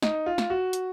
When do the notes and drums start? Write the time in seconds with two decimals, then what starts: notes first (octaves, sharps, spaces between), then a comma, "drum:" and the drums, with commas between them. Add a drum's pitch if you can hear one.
0.02 D#4, drum: snare
0.26 F4
0.38 drum: snare
0.50 F#4
0.73 drum: hi-hat